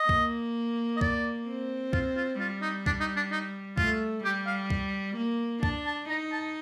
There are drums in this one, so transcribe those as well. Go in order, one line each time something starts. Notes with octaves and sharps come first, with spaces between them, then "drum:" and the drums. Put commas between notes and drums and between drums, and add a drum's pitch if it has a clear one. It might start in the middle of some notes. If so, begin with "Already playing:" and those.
Already playing: D#5
A#3, drum: kick
D#5
D5, drum: kick
C4
F4, drum: kick
F4
G3 F4
D#4
D4, drum: kick
D#4
D4
D#4
A3 F4, drum: kick
G3 G4
F5
drum: kick
A#3
D4 A5, drum: kick
A5
D#4 A#5
A5